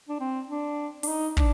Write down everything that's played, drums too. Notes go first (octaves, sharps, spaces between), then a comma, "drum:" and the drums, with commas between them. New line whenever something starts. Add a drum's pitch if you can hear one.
D4
C4
D4
D4, drum: open hi-hat
D#4
D4, drum: kick